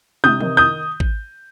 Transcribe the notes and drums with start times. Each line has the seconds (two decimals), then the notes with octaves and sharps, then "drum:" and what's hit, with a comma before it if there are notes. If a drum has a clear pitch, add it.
0.24 C3 D#6 G6, drum: tom
0.41 D#3, drum: tom
0.57 D#6 G6
1.00 drum: kick